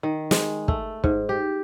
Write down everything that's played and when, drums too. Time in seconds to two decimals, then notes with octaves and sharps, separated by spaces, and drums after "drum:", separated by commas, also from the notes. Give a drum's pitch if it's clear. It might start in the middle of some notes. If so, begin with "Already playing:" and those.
0.03 D#3
0.31 G#3, drum: snare
0.68 A3, drum: kick
1.04 G#2, drum: kick
1.29 G4